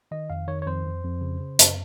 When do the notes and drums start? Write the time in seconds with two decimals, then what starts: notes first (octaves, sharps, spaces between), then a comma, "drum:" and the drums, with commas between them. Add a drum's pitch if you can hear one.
0.11 D#3 D#5
0.30 F2 F5
0.48 D#3 C#5
0.62 C#5
0.67 F2 C5
0.85 F2
1.04 F2
1.21 C#3
1.40 C#3
1.59 F#2, drum: hi-hat